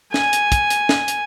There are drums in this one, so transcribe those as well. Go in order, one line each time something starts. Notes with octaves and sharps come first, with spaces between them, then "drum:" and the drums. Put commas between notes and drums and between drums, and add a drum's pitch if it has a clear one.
G#5, drum: snare
drum: hi-hat
drum: kick, hi-hat
drum: hi-hat
drum: snare
drum: hi-hat